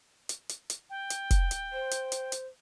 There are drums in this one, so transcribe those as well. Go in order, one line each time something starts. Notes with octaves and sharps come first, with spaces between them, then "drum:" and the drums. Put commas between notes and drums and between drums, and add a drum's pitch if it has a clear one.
drum: hi-hat
drum: hi-hat
drum: hi-hat
G5
drum: hi-hat
drum: kick, hi-hat
drum: hi-hat
C5
drum: hi-hat
drum: hi-hat
drum: hi-hat